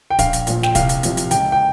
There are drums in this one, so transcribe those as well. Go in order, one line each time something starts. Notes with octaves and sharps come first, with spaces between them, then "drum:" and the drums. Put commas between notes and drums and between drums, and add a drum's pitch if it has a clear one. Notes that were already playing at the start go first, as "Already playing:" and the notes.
G5
A#1 F5, drum: kick, hi-hat
drum: hi-hat
A#2 F3, drum: hi-hat
G5, drum: snare
C2 F5, drum: kick, hi-hat
drum: hi-hat
C3 F3, drum: hi-hat
drum: hi-hat
C#2 G5, drum: hi-hat
G5